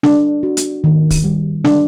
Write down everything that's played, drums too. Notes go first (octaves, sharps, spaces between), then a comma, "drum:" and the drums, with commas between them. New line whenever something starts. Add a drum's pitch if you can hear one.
D4, drum: snare
F#4
drum: hi-hat
D#3
drum: kick, open hi-hat
G3
D4, drum: snare